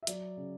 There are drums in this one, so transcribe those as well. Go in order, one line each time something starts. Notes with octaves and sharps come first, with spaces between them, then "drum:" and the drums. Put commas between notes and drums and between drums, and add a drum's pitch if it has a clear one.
E5
F#3 D5, drum: hi-hat
C#3